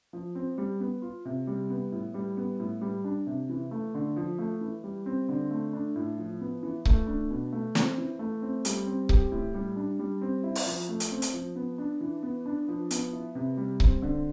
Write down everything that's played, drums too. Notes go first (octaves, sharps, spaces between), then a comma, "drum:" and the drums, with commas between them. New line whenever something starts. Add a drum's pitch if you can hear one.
F3
C4
G3
B3
F4
C3
G3
B3
A2
G3
B3
A2
G3
D4
C3
E3
A3
D3
F3
A3
E3
G3
C4
D3
A3
D4
A2
F3
B3
E3
A3, drum: kick C#1
D4
B2
A3
C4, drum: snare
E3
A3
C4
G3, drum: hi-hat
C4
G4, drum: kick C#1
A2
G3
D4
G3
C4
E4
drum: open hi-hat
F3
A3
drum: hi-hat
C4
drum: hi-hat
F3
B3
D4
E3
B3
D4
F3
B3, drum: hi-hat
E4
C3
G3
C4, drum: kick C#1
D3